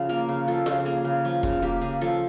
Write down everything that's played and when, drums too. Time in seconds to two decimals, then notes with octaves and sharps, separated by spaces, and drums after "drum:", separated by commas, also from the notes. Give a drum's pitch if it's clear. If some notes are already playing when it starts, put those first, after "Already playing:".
Already playing: C#3 F3
0.09 A#3 A#4
0.29 C#3
0.48 F3 A4
0.66 C#3, drum: snare F4
0.85 A#3 G#4
1.04 C#3
1.25 F3
1.43 C#3, drum: kick
1.62 A#3 G4
1.81 C#3 G#4
2.01 F3 A4